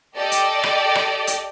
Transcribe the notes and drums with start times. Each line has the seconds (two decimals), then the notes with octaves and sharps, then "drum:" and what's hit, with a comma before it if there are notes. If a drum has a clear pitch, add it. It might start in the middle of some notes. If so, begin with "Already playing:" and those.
0.16 G4 A4 D5 D#5 G5
0.32 drum: hi-hat
0.63 drum: rim click
0.95 drum: rim click
1.27 drum: hi-hat